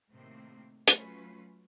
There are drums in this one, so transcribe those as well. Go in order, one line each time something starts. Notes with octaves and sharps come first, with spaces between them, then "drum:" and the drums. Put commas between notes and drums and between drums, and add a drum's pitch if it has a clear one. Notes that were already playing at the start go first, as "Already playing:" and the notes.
A2 C3 D#3 A3 A#3 C4
F#3 A3 C#4 F4 B4, drum: hi-hat